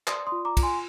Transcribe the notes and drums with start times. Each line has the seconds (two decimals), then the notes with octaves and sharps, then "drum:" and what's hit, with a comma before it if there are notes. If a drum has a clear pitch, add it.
0.07 D5 C6 D#6, drum: clap
0.27 C6 D#6
0.32 F4
0.45 A#5 D6
0.57 F4, drum: kick, cymbal
0.63 G#5 C6